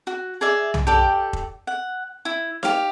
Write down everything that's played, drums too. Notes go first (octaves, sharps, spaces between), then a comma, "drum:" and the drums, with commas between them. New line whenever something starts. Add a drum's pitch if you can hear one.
F#4
G#4 D5 E5
drum: tom
G4 A4 D5 G5
drum: kick F1
F#5
E4
G4 F5, drum: snare D#4